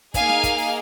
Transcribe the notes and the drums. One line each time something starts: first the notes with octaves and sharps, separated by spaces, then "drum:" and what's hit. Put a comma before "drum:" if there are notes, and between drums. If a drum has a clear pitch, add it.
A#3 D#4 G#4 F5 G#5, drum: kick, hi-hat
drum: snare
drum: kick, hi-hat
drum: open hi-hat